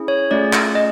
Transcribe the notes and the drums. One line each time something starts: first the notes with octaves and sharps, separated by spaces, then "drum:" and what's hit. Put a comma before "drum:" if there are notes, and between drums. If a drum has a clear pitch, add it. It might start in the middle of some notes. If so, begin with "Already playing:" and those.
Already playing: C#4 E4 G#4
C#5
A3 C#4 F4 G#4 D5
drum: clap
D#5